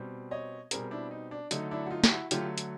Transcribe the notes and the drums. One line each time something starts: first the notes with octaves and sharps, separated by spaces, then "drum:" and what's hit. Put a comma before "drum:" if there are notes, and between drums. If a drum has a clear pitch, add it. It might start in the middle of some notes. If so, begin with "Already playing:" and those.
Already playing: B2 G3 C4
C#5 D#5
B2 G3 C4 G#4 A#4, drum: hi-hat
D4 E4
D#4
D4
D3 F#3 A3 D#4, drum: hi-hat
D4 E4
F#4
D#4 F4
G4, drum: snare
E4 F#4
D3 F#3 A3 F4 G4, drum: hi-hat
drum: hi-hat